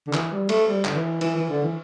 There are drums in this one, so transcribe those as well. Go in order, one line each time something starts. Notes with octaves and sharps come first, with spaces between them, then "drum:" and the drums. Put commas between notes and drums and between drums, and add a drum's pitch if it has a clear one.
D3
E3, drum: clap
G3
A3, drum: cymbal
G3
D3, drum: clap
E3
E3, drum: cymbal
E3
D3
E3